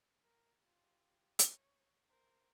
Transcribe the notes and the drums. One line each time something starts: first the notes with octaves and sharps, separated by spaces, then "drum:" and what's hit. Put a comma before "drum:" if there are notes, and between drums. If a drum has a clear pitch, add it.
A#4
F4 G4
C#5, drum: hi-hat
A#4 C5